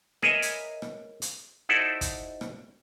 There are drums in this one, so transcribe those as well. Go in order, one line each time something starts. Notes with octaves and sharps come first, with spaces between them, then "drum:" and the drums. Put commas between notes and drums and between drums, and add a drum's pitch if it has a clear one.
G#4 A#4 B4 C#5 D#5 E5, drum: rim click
drum: hi-hat
drum: rim click
drum: hi-hat
D#4 E4 F#4 A4 C5 D5
drum: kick, hi-hat
drum: rim click